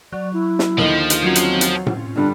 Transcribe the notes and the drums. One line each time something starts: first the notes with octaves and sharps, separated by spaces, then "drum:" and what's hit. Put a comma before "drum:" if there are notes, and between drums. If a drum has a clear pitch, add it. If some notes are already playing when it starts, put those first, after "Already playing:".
F#3 D5
E4
drum: snare
D#2 D3 F3 D#4 A#4 D#5
drum: hi-hat
F#3 C4 C#4 F4
drum: hi-hat
drum: hi-hat
drum: tom A2
G2 D3 G3 D4